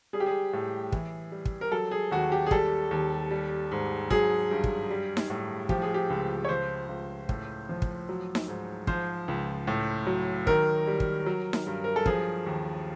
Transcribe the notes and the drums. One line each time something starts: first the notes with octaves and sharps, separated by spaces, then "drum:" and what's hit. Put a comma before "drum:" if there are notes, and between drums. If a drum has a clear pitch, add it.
G3 G#4
G4
G#4
A2
E3, drum: kick
G3
drum: kick
A#4
F#3 A4
G#4
D#2 F#4
G4
G#4
G3 A4, drum: kick
D#2
G3
G#2
F#3 G#4, drum: kick
G2
drum: kick
G3
drum: snare D#4
A2
F3 G4, drum: kick
G#4
G4
C#2
C#5
F3 C5
C#2
A2, drum: kick
F3
drum: kick
F#3
drum: snare D#4
G#2
F3 C5, drum: kick
C#2
A2
F#3
D#3 A#4, drum: kick
G3
drum: kick
F#3
drum: snare D#4
G2
A#4
A4
F3 G#4, drum: kick
D#2